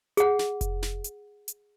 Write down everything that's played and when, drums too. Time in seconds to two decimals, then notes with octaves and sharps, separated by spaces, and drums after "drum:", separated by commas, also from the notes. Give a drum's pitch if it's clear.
0.17 G#4 F#5, drum: hi-hat
0.39 drum: snare
0.61 drum: kick F1, hi-hat
0.83 drum: snare
1.04 drum: hi-hat
1.48 drum: hi-hat